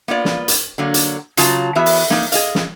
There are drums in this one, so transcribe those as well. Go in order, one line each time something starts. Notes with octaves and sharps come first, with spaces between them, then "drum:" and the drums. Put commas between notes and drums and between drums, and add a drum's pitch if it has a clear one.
A#3 B3 F4 D5
drum: snare
drum: hi-hat
D3 F#3 A#3
drum: hi-hat
C#3 F#3 F4 F5 A5 A#5, drum: hi-hat
E3 B3 F#4 G#4 E5
drum: open hi-hat
A#3 D#4, drum: snare
G#4 D#5 F5, drum: hi-hat
drum: snare